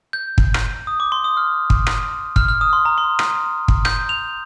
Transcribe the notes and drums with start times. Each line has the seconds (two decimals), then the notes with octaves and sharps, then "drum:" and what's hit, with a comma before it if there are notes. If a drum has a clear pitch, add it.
0.13 G6
0.38 drum: kick
0.54 drum: rim click
0.87 D#6
1.00 D6
1.12 C6
1.24 D#6
1.37 F6
1.70 drum: kick
1.86 drum: rim click
2.36 F6, drum: kick
2.48 F6
2.61 D#6
2.73 C6
2.85 A#5
2.98 C6
3.19 drum: rim click
3.68 drum: kick
3.85 G6, drum: rim click
4.09 F7